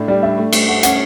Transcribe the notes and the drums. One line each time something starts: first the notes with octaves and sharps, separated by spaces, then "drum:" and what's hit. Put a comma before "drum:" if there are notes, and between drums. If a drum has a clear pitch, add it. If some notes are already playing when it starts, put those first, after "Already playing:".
Already playing: A2 D4
G3 D5
D4 E5
A3
A3, drum: cymbal
A3 F#5
C#4 F#5, drum: hi-hat